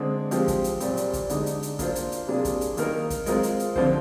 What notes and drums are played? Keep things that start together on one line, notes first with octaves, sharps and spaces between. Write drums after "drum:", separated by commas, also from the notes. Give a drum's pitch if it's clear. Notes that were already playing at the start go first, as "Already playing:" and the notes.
Already playing: D3 G#3 C4
F3 G#3 C4 G4, drum: hi-hat
drum: kick, hi-hat
drum: hi-hat
A#2 G3 C4, drum: hi-hat
drum: hi-hat
drum: kick, hi-hat
D3 G#3 D#4, drum: hi-hat
drum: hi-hat
drum: hi-hat
A#3 D4 F4 C5, drum: kick, hi-hat
drum: hi-hat
drum: hi-hat
C3 G3 A#3 D4 G#4
drum: kick, hi-hat
drum: hi-hat
D#3 A#3 D#4 A#4, drum: hi-hat
drum: kick, hi-hat
G#3 C4 F4 A#4, drum: hi-hat
drum: hi-hat
drum: hi-hat
D3 F3 C4 F4 C5, drum: kick